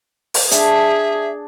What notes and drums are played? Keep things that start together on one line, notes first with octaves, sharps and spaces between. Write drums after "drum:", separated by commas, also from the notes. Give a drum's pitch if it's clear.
drum: open hi-hat
D4 G#4 E5, drum: hi-hat